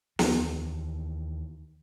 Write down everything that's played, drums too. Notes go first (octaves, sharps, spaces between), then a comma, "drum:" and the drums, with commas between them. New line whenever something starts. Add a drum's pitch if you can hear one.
D#2 E3, drum: snare